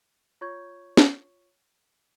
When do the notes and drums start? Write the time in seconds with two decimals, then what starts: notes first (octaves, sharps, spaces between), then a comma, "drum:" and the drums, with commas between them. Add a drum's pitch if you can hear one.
0.41 F4 C#5 C#6 G6 G#6
0.97 drum: snare